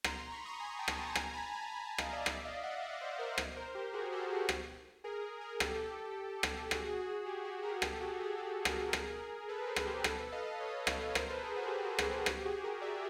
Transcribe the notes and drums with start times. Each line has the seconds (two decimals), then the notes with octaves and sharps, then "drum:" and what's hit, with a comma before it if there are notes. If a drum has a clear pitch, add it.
0.04 A#5 C6, drum: rim click
0.18 A#5 C6
0.32 B5 C#6
0.45 C#6 D#6
0.60 G#5 A#5
0.78 G5 A5
0.88 drum: rim click
0.97 G5 A5
1.15 G#5 A#5, drum: rim click
1.34 A5 B5
1.53 A5 B5
1.71 G#5 A#5
1.84 A5 B5
1.98 D#5 F5, drum: rim click
2.12 D5 E5
2.26 D5 E5, drum: rim click
2.45 D#5 F5
2.63 E5 F#5
2.82 D5 E5
3.01 C5 D5
3.19 A#4 C5
3.38 drum: rim click
3.56 A#4 C5
3.75 G4
3.93 F#4 G#4
4.12 G4 A4
4.30 G#4 A#4
4.49 drum: rim click
5.04 G#4 A#4
5.22 G#4 A#4
5.41 G#4 A#4
5.60 G4 A4, drum: rim click
6.43 drum: rim click
6.71 F#4 G#4, drum: rim click
6.99 F#4
7.26 G4
7.45 F#4 G#4
7.63 G#4 A#4
7.82 G4 A4, drum: rim click
8.00 F#4 G#4
8.19 F#4 G#4
8.37 G4 A4
8.65 G#4 A#4, drum: rim click
8.93 drum: rim click
9.48 A4 B4
9.67 A#4 C5
9.76 drum: rim click
9.85 G4 A4
10.04 A4 B4, drum: rim click
10.32 D#5 F5
10.60 C#5 D#5
10.87 B4 C#5, drum: rim click
11.15 A#4 C5, drum: rim click
11.29 A4 B4
11.43 G#4 A#4
11.56 F#4 G#4
11.67 G4
11.71 F#4
11.99 drum: rim click
12.26 G4, drum: rim click
12.45 F#4 G#4
12.64 G#4 A#4
12.81 D5 E5